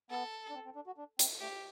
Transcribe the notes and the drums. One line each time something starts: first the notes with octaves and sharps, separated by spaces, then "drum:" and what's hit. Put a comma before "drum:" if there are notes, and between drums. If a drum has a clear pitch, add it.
B3 A4
D4
C4
C4
D4
F#4
D4
C4, drum: hi-hat
A3 G4